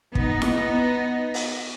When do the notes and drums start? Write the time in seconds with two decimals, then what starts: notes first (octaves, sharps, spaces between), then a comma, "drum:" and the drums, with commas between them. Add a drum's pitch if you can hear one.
0.15 B3 D#4, drum: kick
0.42 drum: snare E4
1.34 drum: open hi-hat